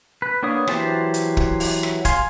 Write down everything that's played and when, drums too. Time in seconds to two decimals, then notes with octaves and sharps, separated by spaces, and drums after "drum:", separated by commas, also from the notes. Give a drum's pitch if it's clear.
0.22 B4
0.43 A#3 B3 D4 C#5 D#6
0.67 E3 F#3 G4 C5 A5, drum: rim click
1.14 drum: hi-hat
1.37 drum: kick
1.60 drum: open hi-hat
1.83 drum: rim click
2.05 F5 G#5 C6, drum: kick, hi-hat